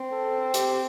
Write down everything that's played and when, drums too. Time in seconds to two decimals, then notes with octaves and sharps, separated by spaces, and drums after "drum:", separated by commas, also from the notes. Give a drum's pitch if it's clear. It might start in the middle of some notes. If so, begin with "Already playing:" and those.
Already playing: C4
0.11 A4
0.54 G4, drum: hi-hat